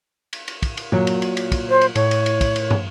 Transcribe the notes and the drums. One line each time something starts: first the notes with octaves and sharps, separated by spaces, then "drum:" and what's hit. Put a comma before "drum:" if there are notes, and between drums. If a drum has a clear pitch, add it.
drum: cymbal
drum: cymbal
drum: kick, cymbal
drum: cymbal
A#2 F#3, drum: tom G2
drum: cymbal
drum: cymbal
drum: cymbal
drum: kick, cymbal
C5
drum: cymbal
A2 C#5, drum: cymbal
drum: cymbal
drum: cymbal
drum: kick, cymbal
drum: cymbal
drum: tom